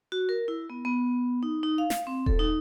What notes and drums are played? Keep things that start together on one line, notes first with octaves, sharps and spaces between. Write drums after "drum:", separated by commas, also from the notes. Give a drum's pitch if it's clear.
F#4
A#4
E4
B3
B3
D#4
D#4
F5
drum: snare
C4
A4, drum: kick D#1
D#4